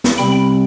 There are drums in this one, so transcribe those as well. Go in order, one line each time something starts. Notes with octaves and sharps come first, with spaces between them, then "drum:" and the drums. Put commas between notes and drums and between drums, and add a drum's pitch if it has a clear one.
drum: snare
C3 G3 C4 G5 B5, drum: hi-hat